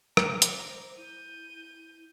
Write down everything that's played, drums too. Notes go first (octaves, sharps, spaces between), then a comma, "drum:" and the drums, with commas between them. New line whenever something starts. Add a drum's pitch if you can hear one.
C5 A#5 D6, drum: rim click
drum: hi-hat
E4 G6 D#7